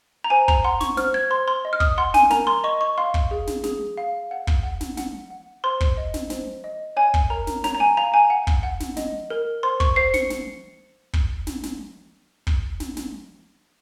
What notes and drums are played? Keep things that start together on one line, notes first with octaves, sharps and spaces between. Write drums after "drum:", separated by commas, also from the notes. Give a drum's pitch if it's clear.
A#5
C5 G#5
A#5, drum: kick
F#5 C6
C#6, drum: snare
C5 F6, drum: snare
G#6
C5 C6
C6
D#5
F6
D#6, drum: kick
F#5 C6
G#5, drum: snare
A#4 A#5, drum: snare
C6
D#5 C#6
C#6
F5 C6
drum: kick
G#4
drum: snare
G#4, drum: snare
F5
F#5
drum: kick
F#5
drum: snare
F#5, drum: snare
F#5
C5 C6
drum: kick
D#5
drum: snare
C5, drum: snare
D#5
C#5 G#5
drum: kick
A#4 A#5
drum: snare
C#5 A#5, drum: snare
A#5
G#5
F5 A#5
G#5
F#5
drum: kick
F#5
drum: snare
D#5, drum: snare
A#4
C5 C6
C#6, drum: kick
C5 C7
C#7, drum: snare
drum: snare
drum: kick
drum: snare
drum: snare
drum: kick
drum: snare
drum: snare